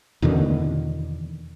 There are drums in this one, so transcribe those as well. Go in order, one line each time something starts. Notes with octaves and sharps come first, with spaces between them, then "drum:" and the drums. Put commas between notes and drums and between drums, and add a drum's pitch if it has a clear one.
E2 B2 D3 D#3, drum: tom